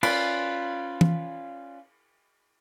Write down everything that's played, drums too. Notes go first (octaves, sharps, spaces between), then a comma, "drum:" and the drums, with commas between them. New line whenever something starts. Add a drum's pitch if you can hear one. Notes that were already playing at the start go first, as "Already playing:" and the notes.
C#4 F4 B4 D5, drum: cymbal
drum: tom E3